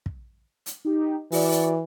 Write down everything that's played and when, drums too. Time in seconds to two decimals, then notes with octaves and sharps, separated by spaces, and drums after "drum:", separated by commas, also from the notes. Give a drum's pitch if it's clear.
0.06 drum: kick
0.66 drum: hi-hat
0.85 D#4 G4
1.32 E3 F#4 D5, drum: open hi-hat
1.51 drum: hi-hat